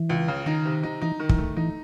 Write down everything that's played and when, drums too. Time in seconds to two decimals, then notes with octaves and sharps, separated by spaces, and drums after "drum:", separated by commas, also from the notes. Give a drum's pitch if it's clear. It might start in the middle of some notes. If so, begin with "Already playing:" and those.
Already playing: E3
0.09 C#2
0.28 C#3
0.46 D#3 D#4
0.65 C3
0.83 D#4
1.01 E3 D#4
1.20 D#3
1.29 E3, drum: kick
1.38 A3
1.57 E3 D#4